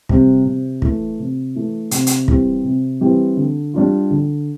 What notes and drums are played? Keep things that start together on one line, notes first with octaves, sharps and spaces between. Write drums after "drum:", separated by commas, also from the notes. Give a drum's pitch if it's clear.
C3 G3, drum: kick
C3
E3 A3, drum: kick
C3
E3 A3
C3, drum: hi-hat
drum: hi-hat
E3 G3 C4 G4, drum: kick
C3
E3 G3 C4 G4
D3
G3 D4 F4
D3